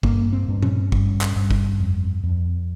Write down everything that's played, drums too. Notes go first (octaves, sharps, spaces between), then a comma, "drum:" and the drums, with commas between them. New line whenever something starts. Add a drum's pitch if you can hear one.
G2 A#3, drum: kick
C4
G2
C#4, drum: tom A#2
G2, drum: kick
drum: clap
G2
drum: kick
F2
F2